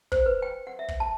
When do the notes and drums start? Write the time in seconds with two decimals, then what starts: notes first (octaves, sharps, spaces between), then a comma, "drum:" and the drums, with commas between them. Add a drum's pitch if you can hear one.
0.12 C5, drum: kick
0.26 B4
0.42 G5
0.67 F#5
0.79 E5
0.88 drum: kick
1.00 A5